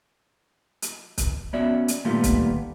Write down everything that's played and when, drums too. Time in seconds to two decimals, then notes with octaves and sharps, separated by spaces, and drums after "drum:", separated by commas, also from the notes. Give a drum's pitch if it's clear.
0.82 drum: hi-hat
1.18 drum: kick, hi-hat
1.53 B3 C#4 F#4 D5 E5
1.88 drum: hi-hat
2.05 A#2 D#3 G3 A3 B3 F4
2.24 drum: kick, hi-hat